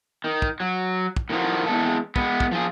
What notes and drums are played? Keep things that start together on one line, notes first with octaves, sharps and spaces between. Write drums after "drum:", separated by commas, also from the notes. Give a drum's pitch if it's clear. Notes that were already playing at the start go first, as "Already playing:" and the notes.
D#3
drum: kick
F#3
drum: kick
A2 D#3 F3 F#4
E2 G#2 G#3 A3 A4
G#3 B3, drum: kick
drum: kick
F3 F4 G#4